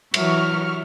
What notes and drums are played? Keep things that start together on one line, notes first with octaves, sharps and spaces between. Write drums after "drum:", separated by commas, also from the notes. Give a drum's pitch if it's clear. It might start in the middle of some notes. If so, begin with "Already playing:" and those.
E3 F#3 E5 C#6 F6, drum: cymbal